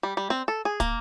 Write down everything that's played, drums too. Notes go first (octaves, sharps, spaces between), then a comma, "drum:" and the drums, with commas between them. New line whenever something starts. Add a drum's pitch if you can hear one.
G3
G3
C4
A4
G#4
A#3, drum: kick, hi-hat